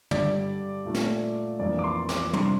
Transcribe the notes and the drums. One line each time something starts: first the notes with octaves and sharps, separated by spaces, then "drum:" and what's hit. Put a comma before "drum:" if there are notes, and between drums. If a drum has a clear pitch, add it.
G2 D3 G3 D4 D5, drum: tom
A#2 A3 D4
drum: snare
F2 E3 A#3 D4 D5
D6
C6
D6, drum: snare
C3 G3 D4 C6, drum: tom